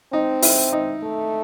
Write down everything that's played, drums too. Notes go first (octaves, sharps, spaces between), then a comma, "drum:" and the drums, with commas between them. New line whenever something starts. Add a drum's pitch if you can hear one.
C4 D#4
E4, drum: open hi-hat
D#4
A3